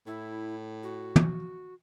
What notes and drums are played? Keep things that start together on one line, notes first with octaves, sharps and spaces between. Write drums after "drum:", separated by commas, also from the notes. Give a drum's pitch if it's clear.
A2 E4
F#4
drum: tom